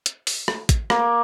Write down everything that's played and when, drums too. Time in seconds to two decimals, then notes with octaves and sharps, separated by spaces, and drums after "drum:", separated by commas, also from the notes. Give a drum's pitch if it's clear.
0.06 drum: hi-hat
0.27 drum: open hi-hat
0.48 drum: rim click
0.69 drum: kick, hi-hat
0.90 A#3, drum: rim click